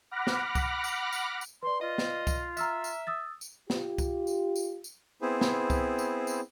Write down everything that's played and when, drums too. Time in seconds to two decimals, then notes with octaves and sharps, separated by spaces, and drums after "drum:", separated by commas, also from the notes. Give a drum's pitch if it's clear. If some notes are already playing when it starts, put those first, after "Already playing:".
0.11 F#5 B5 D6 F6 F#6 A#6
0.27 drum: snare
0.55 drum: kick C2, tambourine
0.84 drum: tambourine
1.13 drum: tambourine
1.41 drum: tambourine
1.63 B4 D5 C6
1.81 F4 D#5
1.98 drum: snare
2.27 drum: kick C2, tambourine
2.57 E5 A#5 E6 F6, drum: tambourine
2.84 drum: tambourine
3.07 D#6 E6 A6
3.41 drum: tambourine
3.70 F4 G4, drum: snare
3.98 drum: kick C2, tambourine
4.27 drum: tambourine
4.56 drum: tambourine
4.84 drum: tambourine
5.22 B3 C4 E4 G#4 C5
5.41 drum: snare
5.70 drum: kick C2, tambourine
5.99 drum: tambourine
6.27 drum: tambourine